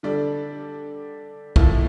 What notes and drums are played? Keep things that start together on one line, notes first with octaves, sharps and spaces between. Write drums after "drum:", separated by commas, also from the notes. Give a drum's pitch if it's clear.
D3 G3 D4 A4 D5
A2 F3 A#3 E4, drum: kick B1